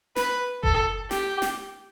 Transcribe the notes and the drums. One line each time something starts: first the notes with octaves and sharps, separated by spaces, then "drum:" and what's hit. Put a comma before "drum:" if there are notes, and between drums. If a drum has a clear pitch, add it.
B4, drum: snare
A4, drum: kick F#1
G4, drum: snare
drum: snare